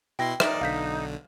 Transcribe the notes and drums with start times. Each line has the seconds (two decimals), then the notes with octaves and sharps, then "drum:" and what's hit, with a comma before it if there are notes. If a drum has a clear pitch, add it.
0.19 B2 E4 G5 C6 A#6
0.40 D#4 D5 E5 E7, drum: rim click
0.61 B1 D3 F5 G6 B6